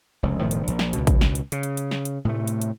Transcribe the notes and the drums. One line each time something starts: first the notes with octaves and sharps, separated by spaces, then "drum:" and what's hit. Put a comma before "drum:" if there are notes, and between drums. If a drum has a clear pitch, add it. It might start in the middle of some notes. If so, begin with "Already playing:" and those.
F1 C#2
E1 A2 D#3 F3
drum: hi-hat
A#1, drum: hi-hat
drum: snare
C#2 B2, drum: hi-hat
drum: kick A1, hi-hat
drum: snare
drum: hi-hat
C#3, drum: hi-hat
drum: hi-hat
drum: hi-hat
drum: snare
drum: hi-hat
A2 C3 A3
drum: hi-hat
drum: hi-hat